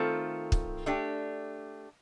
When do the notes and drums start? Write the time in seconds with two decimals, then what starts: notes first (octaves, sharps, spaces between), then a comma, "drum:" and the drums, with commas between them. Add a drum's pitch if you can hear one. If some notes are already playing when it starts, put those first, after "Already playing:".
Already playing: D#3 A3 C4 F4 A4
0.52 drum: kick
0.86 A3 D4 G4